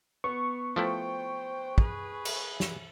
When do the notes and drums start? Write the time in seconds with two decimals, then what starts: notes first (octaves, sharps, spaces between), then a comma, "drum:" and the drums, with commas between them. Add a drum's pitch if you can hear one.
0.24 B3 C#6
0.76 F3 A3 E4 C5 G5
1.78 G#4 B4, drum: kick
2.25 drum: cymbal
2.60 drum: snare